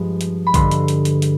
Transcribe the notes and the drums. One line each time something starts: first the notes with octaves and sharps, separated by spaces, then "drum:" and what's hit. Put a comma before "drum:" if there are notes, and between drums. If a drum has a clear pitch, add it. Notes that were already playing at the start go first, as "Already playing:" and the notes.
Already playing: G2 F3 G#3
drum: hi-hat
B5
G2 D3 G#3 C6, drum: kick, hi-hat
drum: hi-hat
drum: hi-hat
drum: hi-hat
drum: hi-hat